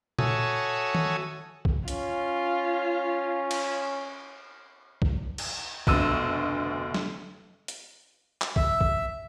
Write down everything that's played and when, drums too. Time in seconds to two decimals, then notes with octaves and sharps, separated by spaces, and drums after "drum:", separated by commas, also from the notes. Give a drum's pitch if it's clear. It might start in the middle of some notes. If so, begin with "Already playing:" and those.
0.19 F#4 A4 C#5 E5 G#5 D#6, drum: tom A#2
0.95 drum: tom D#3
1.65 drum: kick B1
1.88 C#4 F4, drum: hi-hat
3.51 drum: cymbal
5.02 drum: kick B1
5.38 drum: cymbal
5.87 F1 D2 B2 E6 D#7 E7, drum: kick B1
6.94 drum: snare
7.68 drum: hi-hat
8.42 drum: clap
8.56 E5, drum: kick B1
8.81 drum: kick B1